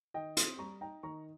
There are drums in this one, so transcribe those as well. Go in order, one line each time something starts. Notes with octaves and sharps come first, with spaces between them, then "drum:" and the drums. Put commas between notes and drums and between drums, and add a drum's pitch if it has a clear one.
D#3 D#5 G5
C4 C6 D#6, drum: hi-hat
G3 A#5 C#6
D#4 G5 A#5
D#3 A#5 C#6